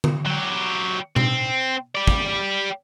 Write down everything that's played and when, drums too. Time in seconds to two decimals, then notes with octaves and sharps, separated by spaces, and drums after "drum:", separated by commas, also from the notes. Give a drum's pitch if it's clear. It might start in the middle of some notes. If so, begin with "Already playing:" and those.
0.04 drum: tom D3
0.26 F#3 G4
1.16 C4, drum: tom B2
1.95 G4 D5
2.07 drum: kick